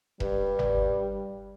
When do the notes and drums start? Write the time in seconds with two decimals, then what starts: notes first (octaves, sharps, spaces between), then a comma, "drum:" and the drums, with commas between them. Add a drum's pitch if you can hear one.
0.20 G2 G3, drum: kick E1
0.59 drum: tom G1